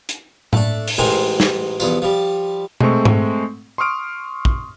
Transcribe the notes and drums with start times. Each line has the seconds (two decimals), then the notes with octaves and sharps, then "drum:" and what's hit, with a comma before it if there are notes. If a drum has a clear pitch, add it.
0.09 drum: hi-hat
0.53 A3 D4, drum: tom A2
0.88 drum: open hi-hat
0.98 A1 G#2 A#4 C5 G5 G#5
1.40 drum: snare
1.80 E2 G2 F3, drum: tambourine
2.02 F3 G3
2.80 G#3 A3 C4 C#6, drum: tom B2
3.05 drum: tom G#2
3.78 C6 C#6 D#6 F6 D7
4.45 drum: kick